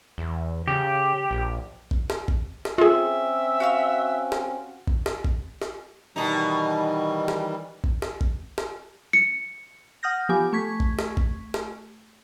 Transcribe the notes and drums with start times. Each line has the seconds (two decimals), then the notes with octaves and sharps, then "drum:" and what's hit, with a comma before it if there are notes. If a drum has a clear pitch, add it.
0.18 E2
0.68 C#3 G4
1.31 A#1
1.91 drum: kick A1
2.10 drum: snare
2.28 drum: kick A1
2.65 drum: snare
2.78 C4 C#4 F4 G#4 E5
3.60 F#4 F5 E6
4.32 drum: snare
4.87 drum: kick A1
5.06 drum: snare
5.25 drum: kick A1
5.62 drum: snare
6.16 B2 D#3 E3 G3 D#4
7.28 drum: snare
7.84 drum: kick A1
8.02 drum: snare
8.21 drum: kick A1
8.58 drum: snare
9.13 C#7
10.03 F#5 D#6 F6 G6 A#6
10.29 F3 B3 G4 G#5 D6
10.53 A3 C#6 G#6 B6
10.80 drum: kick A1
10.99 drum: snare
11.17 drum: kick A1
11.54 drum: snare